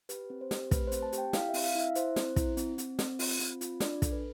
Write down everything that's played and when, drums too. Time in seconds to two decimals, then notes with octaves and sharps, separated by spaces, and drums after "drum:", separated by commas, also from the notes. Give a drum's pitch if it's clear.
0.09 G4 B4, drum: hi-hat
0.30 C4
0.41 C5
0.51 G4, drum: snare
0.71 A3 B4, drum: kick, hi-hat
0.88 C5
0.92 C4, drum: hi-hat
1.03 A5
1.12 G4, drum: hi-hat
1.18 G5
1.33 E4 F5, drum: snare
1.49 E5
1.54 C4, drum: open hi-hat
1.64 F5
1.75 E4 E5
1.95 E4 C5, drum: hi-hat
2.16 C4, drum: snare
2.36 E4, drum: kick, hi-hat
2.57 C4, drum: hi-hat
2.78 C4, drum: hi-hat
2.99 C4, drum: snare
3.19 F4, drum: open hi-hat
3.40 C4, drum: hi-hat
3.61 F4, drum: hi-hat
3.80 D4 D5, drum: snare
4.02 A4, drum: kick, hi-hat
4.12 B4